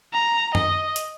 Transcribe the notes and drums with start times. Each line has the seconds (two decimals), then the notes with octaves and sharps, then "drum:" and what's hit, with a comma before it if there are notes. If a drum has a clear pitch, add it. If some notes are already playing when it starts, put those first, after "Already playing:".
0.14 A#5
0.55 D#5, drum: tom F#2
0.96 drum: hi-hat